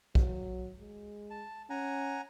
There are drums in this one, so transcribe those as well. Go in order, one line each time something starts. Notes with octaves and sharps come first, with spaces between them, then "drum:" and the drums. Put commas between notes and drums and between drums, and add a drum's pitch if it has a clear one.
F#3, drum: kick B1
G#3
A5
C#4 F#5 G#5 A#5